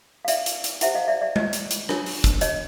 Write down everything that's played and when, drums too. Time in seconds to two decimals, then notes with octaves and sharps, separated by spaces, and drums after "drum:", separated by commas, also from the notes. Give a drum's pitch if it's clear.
0.25 F5
0.28 D5 E5, drum: hi-hat
0.46 drum: hi-hat
0.64 drum: hi-hat
0.81 E4 G4 C5 E5 F#5, drum: hi-hat
0.95 D#5 F5
1.08 D5 E5
1.21 D5 E5
1.36 C#5 D#5, drum: tom G#3
1.53 drum: hi-hat
1.71 drum: hi-hat
1.89 D4 F4 A#4 C#5, drum: rim click
2.06 drum: open hi-hat
2.24 drum: kick, hi-hat
2.41 C#5 D#5, drum: hi-hat